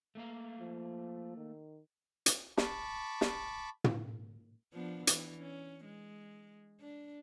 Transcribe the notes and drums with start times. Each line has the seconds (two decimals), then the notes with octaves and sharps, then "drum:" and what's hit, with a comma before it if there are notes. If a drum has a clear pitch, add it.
0.15 A3 A#3 F5
0.60 F3
1.37 D#3
2.26 drum: hi-hat
2.58 A5 B5 C#6 D6, drum: snare
3.21 drum: snare
3.84 drum: tom
4.74 F3 B3 D4
5.07 E3, drum: hi-hat
5.40 C#4
5.85 G#3
6.80 D4